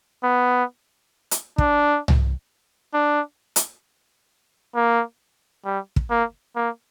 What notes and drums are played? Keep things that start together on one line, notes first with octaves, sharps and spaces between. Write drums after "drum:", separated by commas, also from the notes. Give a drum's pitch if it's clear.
B3
drum: hi-hat
D4, drum: kick
drum: tom C2
D4
drum: hi-hat
A#3
G3
drum: kick
A#3
A#3